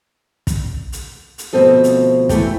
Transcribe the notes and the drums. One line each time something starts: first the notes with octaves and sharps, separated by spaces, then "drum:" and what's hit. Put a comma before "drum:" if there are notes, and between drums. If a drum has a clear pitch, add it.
drum: kick, hi-hat
drum: hi-hat
drum: hi-hat
D2 B2 F3 C4 A4 D#5
drum: hi-hat
E3 G#3 A3 A4 D5 G5, drum: kick, hi-hat